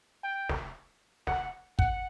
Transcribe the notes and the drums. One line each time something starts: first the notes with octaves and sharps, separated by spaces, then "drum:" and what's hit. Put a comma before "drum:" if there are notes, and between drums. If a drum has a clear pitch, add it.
G5
drum: snare
F#5, drum: snare
F#5, drum: kick